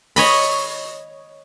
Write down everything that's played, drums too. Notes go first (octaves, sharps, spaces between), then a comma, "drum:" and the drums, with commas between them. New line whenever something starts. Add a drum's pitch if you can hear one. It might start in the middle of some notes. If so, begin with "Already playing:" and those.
C#5 D#5 B5, drum: open hi-hat